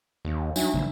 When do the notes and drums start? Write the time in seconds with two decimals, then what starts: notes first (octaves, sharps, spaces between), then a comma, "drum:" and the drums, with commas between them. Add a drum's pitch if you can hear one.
0.25 D#2
0.56 F#3 D4 D#4 E5, drum: tambourine
0.74 A#1 C#3 E3 F#3